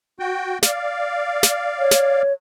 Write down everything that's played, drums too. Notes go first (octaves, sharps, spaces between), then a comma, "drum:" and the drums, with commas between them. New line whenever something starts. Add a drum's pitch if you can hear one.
F#4 G5
D5 F5, drum: snare
drum: snare
C#5
drum: snare